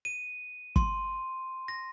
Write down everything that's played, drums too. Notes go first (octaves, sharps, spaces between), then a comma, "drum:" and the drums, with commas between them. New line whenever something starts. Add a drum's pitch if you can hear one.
D#7
C6, drum: kick
A#6